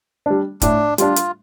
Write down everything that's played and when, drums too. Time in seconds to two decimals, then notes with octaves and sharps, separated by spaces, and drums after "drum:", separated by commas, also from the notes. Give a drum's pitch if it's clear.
0.26 G3 D4
0.62 A2 D4, drum: kick, hi-hat
0.98 G3 D4 F4, drum: hi-hat
1.16 drum: hi-hat